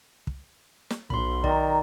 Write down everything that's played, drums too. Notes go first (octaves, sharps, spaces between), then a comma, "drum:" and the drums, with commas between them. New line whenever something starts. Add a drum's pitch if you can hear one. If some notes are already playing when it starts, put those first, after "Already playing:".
drum: kick
drum: snare
B1 B5 C6, drum: kick
D#3 D5 A#5, drum: kick